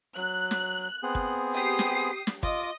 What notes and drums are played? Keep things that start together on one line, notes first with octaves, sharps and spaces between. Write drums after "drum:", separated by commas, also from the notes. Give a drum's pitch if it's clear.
F#3 F#6
drum: snare
B3 C4 G#4
drum: kick
G4 D#6 C7
drum: snare
drum: snare
F4 D#5 D6, drum: kick